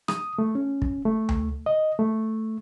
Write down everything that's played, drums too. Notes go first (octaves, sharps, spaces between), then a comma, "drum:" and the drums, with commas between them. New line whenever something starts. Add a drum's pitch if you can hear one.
D#6, drum: rim click
A3
C#4
drum: kick
A3
drum: tom D2
D#5
A3